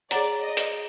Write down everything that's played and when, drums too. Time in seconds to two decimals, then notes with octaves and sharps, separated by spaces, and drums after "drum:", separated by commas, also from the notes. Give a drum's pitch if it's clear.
0.11 G#4 C#5 D5 F#5 A#5, drum: hi-hat
0.42 D#5
0.57 drum: hi-hat